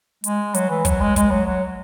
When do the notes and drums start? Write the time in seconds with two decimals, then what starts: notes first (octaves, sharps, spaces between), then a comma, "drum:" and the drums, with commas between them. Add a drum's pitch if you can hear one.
0.24 G#3, drum: hi-hat
0.54 F#3, drum: hi-hat
0.70 E3
0.85 F#3, drum: kick, hi-hat
1.01 G#3
1.16 G#3, drum: kick, hi-hat
1.30 F#3
1.46 F#3